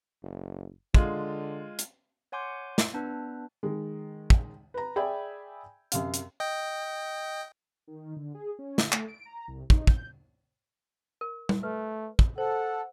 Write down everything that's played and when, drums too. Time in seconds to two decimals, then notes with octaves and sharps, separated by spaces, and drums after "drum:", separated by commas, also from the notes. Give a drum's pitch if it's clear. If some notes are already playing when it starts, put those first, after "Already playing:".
0.22 F#1
0.94 D3 G#3 F4, drum: kick
1.79 drum: hi-hat
2.32 C#5 F#5 G#5 C6 D6 G6
2.78 drum: snare
2.94 B3 D4 B4
3.63 D#3 G#3
4.30 drum: kick
4.74 B4 A#5
4.96 G#4 D5 E5 G5 G#5 B5
5.92 F#2 C3 F5, drum: hi-hat
6.14 drum: hi-hat
6.40 D#5 G5
7.88 D#3
8.16 D3
8.35 G#4
8.59 C#4
8.78 D3, drum: snare
8.92 A3, drum: clap
9.08 D7
9.26 A#5
9.48 C2
9.70 D#4, drum: kick
9.87 G6, drum: kick
11.21 A#4
11.49 drum: tom G3
11.63 A3 B4
12.19 drum: kick
12.38 A4 C5 F#5